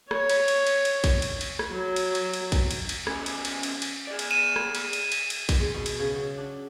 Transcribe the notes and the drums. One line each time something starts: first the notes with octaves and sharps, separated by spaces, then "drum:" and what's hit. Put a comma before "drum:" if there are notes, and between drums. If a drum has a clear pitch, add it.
C#5, drum: rim click
drum: cymbal
drum: cymbal
drum: cymbal
drum: cymbal
drum: kick A#1, cymbal
drum: cymbal
drum: cymbal
drum: rim click
F#3
drum: cymbal
drum: cymbal
drum: cymbal
drum: kick A#1, cymbal
drum: cymbal
drum: cymbal
E2 C#4, drum: rim click
drum: cymbal
drum: cymbal
drum: cymbal
drum: cymbal
G#4 D5
drum: cymbal
D#7 E7
drum: rim click
drum: cymbal
drum: cymbal
drum: cymbal
drum: cymbal
drum: kick A#1, cymbal
G#3
B2
drum: cymbal
C#3
F#3
D4